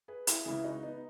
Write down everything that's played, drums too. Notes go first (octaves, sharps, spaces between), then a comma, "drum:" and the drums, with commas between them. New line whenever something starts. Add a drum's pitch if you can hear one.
G#4 B4
E4 G#4, drum: hi-hat
C#2 C#3 E3 E4 G#4
D#4 F#4
B3 D#4